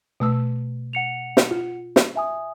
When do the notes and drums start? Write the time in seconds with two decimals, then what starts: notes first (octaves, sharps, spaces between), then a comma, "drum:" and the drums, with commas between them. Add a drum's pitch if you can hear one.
0.20 B2 A3 E6
0.93 F#5 C#7 F7
1.37 drum: snare
1.51 F4
1.96 drum: snare
2.16 E5 G#5 D#6